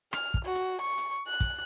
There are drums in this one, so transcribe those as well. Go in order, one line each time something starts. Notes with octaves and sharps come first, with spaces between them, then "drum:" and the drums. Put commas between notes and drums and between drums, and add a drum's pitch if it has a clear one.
F6, drum: rim click
drum: kick
F#4
drum: hi-hat
C#6
drum: hi-hat
F#6
drum: kick, hi-hat